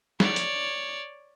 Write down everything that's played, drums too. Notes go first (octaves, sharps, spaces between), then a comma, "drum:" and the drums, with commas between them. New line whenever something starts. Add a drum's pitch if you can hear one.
C#5 D5, drum: snare
drum: hi-hat